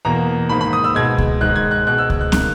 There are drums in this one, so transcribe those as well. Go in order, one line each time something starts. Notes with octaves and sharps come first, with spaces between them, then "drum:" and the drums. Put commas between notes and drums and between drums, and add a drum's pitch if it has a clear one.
E2 B2 A#3 A#5
G#2 D#3 A#3 B5
B5
D#6
E6
B2 G#3 G#6
drum: kick C#2
G#2 D#3 G#3 F#6
G#6
F#6
B2 G#3 F#6
E6
F#6, drum: kick C#2
F#6
D#3 A#3 F#6, drum: snare